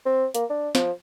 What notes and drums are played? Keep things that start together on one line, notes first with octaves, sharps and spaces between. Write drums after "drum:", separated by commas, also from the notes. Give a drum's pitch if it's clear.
C4
A#3, drum: hi-hat
D4
F3, drum: snare